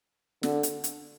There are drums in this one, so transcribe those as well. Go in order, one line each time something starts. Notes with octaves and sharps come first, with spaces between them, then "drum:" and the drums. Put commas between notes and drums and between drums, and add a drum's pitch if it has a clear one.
D3, drum: snare
drum: hi-hat
drum: hi-hat